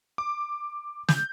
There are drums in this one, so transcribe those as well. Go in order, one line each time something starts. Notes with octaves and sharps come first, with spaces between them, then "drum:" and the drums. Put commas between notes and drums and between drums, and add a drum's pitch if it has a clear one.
D6
G6, drum: snare